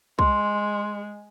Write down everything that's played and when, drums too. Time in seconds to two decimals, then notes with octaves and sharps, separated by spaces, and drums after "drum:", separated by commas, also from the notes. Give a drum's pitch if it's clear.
0.19 G#3 C6, drum: kick